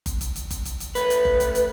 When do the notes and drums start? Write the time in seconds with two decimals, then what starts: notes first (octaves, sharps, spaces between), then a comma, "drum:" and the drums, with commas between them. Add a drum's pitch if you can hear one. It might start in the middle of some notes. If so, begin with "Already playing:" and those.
0.06 drum: kick F#1, hi-hat
0.21 drum: hi-hat
0.36 drum: hi-hat
0.51 drum: kick F#1, hi-hat
0.65 drum: hi-hat
0.80 drum: hi-hat
0.95 A3 B4, drum: hi-hat
1.10 drum: hi-hat
1.25 drum: kick F#1
1.40 drum: hi-hat
1.55 drum: hi-hat